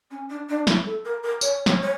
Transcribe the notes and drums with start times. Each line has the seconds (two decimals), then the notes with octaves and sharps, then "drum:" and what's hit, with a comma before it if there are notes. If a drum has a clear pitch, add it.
0.10 C#4
0.29 D4
0.48 D4
0.67 E4, drum: snare
0.86 A4
1.04 A#4
1.23 A#4
1.41 C#5, drum: tambourine
1.66 C#5, drum: snare
1.81 C#5